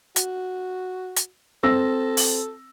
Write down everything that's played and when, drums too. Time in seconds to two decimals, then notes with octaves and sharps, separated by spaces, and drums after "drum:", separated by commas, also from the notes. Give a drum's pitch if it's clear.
0.16 F#4, drum: hi-hat
1.17 drum: hi-hat
1.63 C4 A4 E6 A#6
2.17 drum: open hi-hat